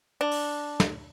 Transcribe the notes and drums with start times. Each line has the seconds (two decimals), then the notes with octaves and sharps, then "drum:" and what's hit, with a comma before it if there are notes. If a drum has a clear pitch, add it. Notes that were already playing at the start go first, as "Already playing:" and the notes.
0.21 D4
0.31 drum: open hi-hat
0.80 drum: snare